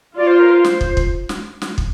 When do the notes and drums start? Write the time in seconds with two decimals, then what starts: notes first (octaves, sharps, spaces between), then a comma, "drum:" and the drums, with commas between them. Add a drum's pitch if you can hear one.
0.16 F4 D5
0.27 C5
0.39 A#4
0.51 C5
0.65 drum: snare
0.81 drum: kick
0.97 drum: kick
1.29 drum: snare
1.62 drum: snare
1.78 drum: kick